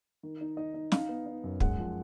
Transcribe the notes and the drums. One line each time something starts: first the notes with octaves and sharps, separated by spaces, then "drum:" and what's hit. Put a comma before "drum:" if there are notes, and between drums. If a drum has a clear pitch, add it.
D#3
D#4
D#4 D#5
D#4
D#4 F5, drum: snare
B3
D#4
F#2
G#3 F#5, drum: kick
F3